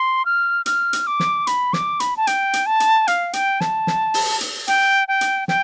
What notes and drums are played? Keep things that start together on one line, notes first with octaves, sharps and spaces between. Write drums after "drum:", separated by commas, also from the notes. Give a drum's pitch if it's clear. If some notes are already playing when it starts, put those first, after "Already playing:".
Already playing: C6
F6
F6, drum: hi-hat
drum: hi-hat
D6
drum: snare
B5, drum: hi-hat
D6, drum: snare
B5, drum: hi-hat
A5
G5, drum: hi-hat
drum: hi-hat
A5
drum: hi-hat
F5, drum: hi-hat
G5, drum: hi-hat
A5, drum: snare
drum: snare
drum: open hi-hat
drum: hi-hat
G5, drum: hi-hat
G5
drum: hi-hat
G5, drum: snare